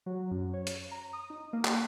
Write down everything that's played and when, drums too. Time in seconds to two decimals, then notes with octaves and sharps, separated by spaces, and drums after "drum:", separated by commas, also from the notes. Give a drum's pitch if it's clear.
0.06 F#3
0.31 F#2
0.54 C#5
0.67 drum: hi-hat
0.91 A#5
1.13 D#6
1.30 D#4
1.53 A#3
1.65 drum: clap